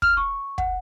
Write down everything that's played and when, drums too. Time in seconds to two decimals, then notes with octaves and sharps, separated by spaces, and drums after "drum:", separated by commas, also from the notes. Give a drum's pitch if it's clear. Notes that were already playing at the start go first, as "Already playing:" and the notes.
0.02 F6, drum: kick
0.17 C#6
0.58 F#5, drum: kick